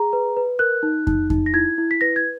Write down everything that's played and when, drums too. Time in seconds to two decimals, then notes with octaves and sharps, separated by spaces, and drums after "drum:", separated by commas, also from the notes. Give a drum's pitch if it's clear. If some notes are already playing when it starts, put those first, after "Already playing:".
Already playing: G#4 A#5
0.13 B4
0.36 B4
0.59 A#4 F#6
0.83 D#4
1.07 D#4, drum: kick F2
1.30 D#4, drum: kick F2
1.46 A#6
1.53 E4 G#6
1.78 E4
1.91 B6
2.01 B4 A#6
2.16 G#6